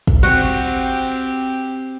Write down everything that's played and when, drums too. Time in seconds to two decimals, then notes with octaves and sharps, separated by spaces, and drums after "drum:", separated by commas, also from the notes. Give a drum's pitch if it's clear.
0.07 drum: kick
0.23 C4 F#4 G4, drum: cymbal